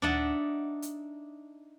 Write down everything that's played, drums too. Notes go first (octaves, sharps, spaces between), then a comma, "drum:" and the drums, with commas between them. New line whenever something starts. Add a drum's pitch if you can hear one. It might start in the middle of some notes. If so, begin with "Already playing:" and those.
D4 D#4 D#5 E5 F#5 A5, drum: tom D2
drum: hi-hat